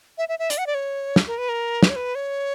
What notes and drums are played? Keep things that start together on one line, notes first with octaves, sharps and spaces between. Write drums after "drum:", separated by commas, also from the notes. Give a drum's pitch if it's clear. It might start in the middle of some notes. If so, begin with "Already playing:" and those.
E5
E5
E5
D5, drum: hi-hat
F#5
D5
C#5
drum: snare
A#4
B4
A#4
B4, drum: snare
C#5
B4
C#5